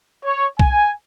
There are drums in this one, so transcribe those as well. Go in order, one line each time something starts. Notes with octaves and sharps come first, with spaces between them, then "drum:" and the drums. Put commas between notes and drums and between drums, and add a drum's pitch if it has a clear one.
C#5
G#5, drum: kick B1